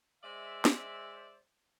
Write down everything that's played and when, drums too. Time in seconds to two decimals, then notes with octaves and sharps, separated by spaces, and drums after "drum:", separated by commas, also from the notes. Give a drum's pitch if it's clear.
0.24 G#3 C5 D5 E5
0.65 drum: snare